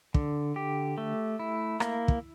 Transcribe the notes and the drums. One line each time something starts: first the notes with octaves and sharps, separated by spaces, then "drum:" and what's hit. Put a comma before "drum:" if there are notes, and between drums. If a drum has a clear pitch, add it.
D3, drum: kick
G4
A3
E4
A#3, drum: rim click
drum: kick